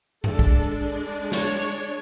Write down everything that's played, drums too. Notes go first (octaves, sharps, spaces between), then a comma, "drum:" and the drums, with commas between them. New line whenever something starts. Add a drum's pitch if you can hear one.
G#3 D4 A4, drum: tom G2
drum: kick
C#5, drum: snare